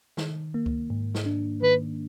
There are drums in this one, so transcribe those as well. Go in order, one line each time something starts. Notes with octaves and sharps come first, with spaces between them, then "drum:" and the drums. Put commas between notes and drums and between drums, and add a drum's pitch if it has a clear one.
D#3, drum: snare
A#3
drum: kick C#2
G#2
drum: snare
D4
D#3 B4